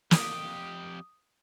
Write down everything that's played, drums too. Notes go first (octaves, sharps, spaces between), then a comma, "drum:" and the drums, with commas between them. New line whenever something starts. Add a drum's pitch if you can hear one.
F2 G4 D#6, drum: snare